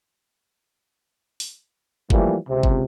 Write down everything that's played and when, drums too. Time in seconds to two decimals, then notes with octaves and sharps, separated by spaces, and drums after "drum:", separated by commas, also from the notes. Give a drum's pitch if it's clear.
1.40 drum: open hi-hat
2.10 E3 F3 G3 A3 A#3, drum: kick
2.48 C#2 C3
2.63 drum: kick